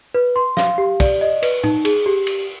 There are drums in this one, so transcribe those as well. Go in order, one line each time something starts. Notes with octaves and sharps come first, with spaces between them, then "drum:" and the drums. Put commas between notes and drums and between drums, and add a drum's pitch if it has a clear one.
B4
C6
F5, drum: snare
G4
D5, drum: kick, cymbal
D#5
B4, drum: cymbal
D#4, drum: tom A2
G#4, drum: cymbal
G4
drum: cymbal